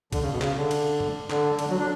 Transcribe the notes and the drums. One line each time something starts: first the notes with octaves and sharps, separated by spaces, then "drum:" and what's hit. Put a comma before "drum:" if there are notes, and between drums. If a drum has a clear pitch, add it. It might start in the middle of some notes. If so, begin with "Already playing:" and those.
D3, drum: kick C2, cymbal
C#3
B2
C#3, drum: clap
D3
drum: cymbal
drum: tom G2
D3, drum: clap
D3, drum: cymbal
F#3
D4